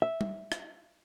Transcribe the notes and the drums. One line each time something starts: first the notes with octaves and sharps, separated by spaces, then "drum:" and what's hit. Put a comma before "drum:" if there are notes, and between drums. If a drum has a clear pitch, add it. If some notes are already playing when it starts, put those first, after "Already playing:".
E5
drum: tom G3
drum: rim click